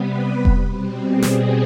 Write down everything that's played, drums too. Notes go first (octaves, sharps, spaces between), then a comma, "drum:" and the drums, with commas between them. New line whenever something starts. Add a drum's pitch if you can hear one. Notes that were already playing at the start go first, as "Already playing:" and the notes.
Already playing: C3 G3 B3 B4
drum: kick E1
B2 G3 C4
G#4
drum: snare